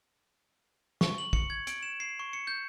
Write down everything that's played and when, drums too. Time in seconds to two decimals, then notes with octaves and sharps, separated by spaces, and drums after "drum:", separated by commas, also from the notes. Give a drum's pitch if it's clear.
1.01 C#6, drum: snare
1.18 F#7
1.33 C#7, drum: kick
1.50 G#6
1.67 D7, drum: hi-hat
1.83 E7
2.00 C7
2.19 C#6
2.33 C#7
2.47 G6